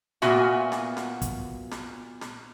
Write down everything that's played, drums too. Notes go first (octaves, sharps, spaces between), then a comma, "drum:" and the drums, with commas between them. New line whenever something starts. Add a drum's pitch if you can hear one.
A#2 B3 F#4 E5 G#5, drum: snare
drum: snare
drum: snare
drum: kick, hi-hat
drum: snare
drum: snare